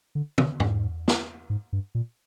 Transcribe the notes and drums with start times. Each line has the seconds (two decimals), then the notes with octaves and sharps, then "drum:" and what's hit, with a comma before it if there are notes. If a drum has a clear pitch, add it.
0.15 D3
0.38 C3, drum: tom
0.60 G#2, drum: tom E2
1.08 drum: snare
1.50 G#2
1.73 G2
1.95 A#2